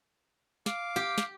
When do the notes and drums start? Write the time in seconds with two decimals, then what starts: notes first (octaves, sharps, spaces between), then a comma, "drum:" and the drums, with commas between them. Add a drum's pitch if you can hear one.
0.66 F5 D6, drum: snare
0.96 G4
1.18 drum: snare